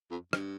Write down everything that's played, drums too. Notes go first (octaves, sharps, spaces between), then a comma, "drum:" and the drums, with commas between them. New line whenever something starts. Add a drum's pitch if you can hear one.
F2
G2, drum: rim click